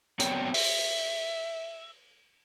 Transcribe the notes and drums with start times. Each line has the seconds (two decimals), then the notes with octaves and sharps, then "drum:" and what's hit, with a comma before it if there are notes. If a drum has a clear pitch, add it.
0.20 F#3 B3 C4 C#5 D5 G5, drum: hi-hat
0.54 E5, drum: open hi-hat